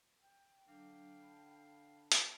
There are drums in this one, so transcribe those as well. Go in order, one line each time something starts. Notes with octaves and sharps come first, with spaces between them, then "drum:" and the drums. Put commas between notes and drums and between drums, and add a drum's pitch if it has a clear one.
G5
D3 F#3 D4 F5 G5
A5 B5
drum: hi-hat